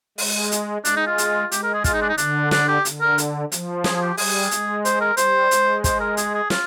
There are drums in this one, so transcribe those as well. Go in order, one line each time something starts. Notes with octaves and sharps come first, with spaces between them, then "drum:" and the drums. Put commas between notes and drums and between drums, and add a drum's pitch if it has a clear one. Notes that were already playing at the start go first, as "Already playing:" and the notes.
G#3, drum: open hi-hat
drum: hi-hat
G#3 D4, drum: hi-hat
D#4
F4
drum: hi-hat
G#3 G4, drum: hi-hat
A#4
G#4
F4, drum: kick, hi-hat
D#4
D4
D#4
D3 D4, drum: hi-hat
D4, drum: snare
G4
D3, drum: hi-hat
A#4
drum: hi-hat
F3, drum: hi-hat
G#4, drum: snare
G#4
G4
G3 G#4, drum: open hi-hat
G#3, drum: hi-hat
C5, drum: hi-hat
A#4
G3 C5, drum: hi-hat
G#3, drum: hi-hat
C5, drum: kick, hi-hat
A#4
G#4, drum: hi-hat
G#4
F4, drum: snare